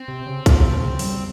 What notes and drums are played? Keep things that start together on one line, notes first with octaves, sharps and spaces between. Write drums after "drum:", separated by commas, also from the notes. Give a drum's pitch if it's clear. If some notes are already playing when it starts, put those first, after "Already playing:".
Already playing: C4
C3
C#3
C3, drum: kick, hi-hat
B2
C#3
F#3, drum: open hi-hat
G3